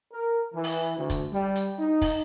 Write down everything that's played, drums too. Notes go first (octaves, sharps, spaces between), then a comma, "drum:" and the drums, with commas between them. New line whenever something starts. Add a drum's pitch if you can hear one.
A#4
E3
drum: open hi-hat
D2
drum: kick, hi-hat
G3
drum: hi-hat
D#4
drum: kick, open hi-hat